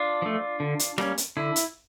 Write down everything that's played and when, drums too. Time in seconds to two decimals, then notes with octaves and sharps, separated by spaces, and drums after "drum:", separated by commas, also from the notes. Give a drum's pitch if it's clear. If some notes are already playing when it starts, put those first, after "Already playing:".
Already playing: D4 F4
0.22 F3 A3
0.60 D3
0.79 drum: hi-hat
0.98 G3 A#3 C#4, drum: rim click
1.18 drum: hi-hat
1.37 D3 E4
1.56 drum: hi-hat